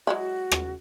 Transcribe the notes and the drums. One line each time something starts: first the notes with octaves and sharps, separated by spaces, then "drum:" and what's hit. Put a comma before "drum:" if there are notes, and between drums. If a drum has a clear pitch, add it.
F#3 G#3 E4 F#4
drum: rim click